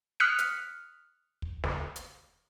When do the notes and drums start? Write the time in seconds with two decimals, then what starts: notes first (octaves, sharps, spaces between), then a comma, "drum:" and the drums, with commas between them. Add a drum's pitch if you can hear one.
0.20 D#6 F6 F#6 B6 C#7
0.38 drum: hi-hat
1.42 drum: kick
1.64 drum: snare
1.96 drum: hi-hat